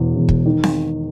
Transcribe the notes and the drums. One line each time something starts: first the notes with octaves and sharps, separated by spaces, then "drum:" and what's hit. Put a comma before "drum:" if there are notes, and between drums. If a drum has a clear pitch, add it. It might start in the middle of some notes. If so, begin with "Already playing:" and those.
Already playing: E1 E2
E1
drum: kick
D#3
drum: snare C4